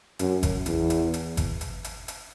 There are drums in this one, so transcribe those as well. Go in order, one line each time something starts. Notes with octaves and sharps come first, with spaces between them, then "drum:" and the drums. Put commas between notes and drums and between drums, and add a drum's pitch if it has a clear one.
F#2, drum: hi-hat
drum: kick G1, hi-hat
E2, drum: hi-hat
drum: hi-hat
drum: hi-hat
drum: kick G1, hi-hat
drum: hi-hat
drum: hi-hat
drum: hi-hat